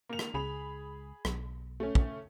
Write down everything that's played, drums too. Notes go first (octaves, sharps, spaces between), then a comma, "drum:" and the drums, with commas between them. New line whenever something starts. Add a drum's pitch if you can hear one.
A#3 F7
drum: rim click
C#2 G#4 B5 F7
B1, drum: rim click
A3 C#4
drum: kick